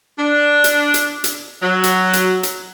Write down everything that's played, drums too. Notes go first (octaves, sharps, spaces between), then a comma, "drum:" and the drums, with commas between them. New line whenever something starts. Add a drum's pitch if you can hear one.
D4
drum: hi-hat
drum: hi-hat
drum: hi-hat
F#3
drum: hi-hat
drum: hi-hat
drum: hi-hat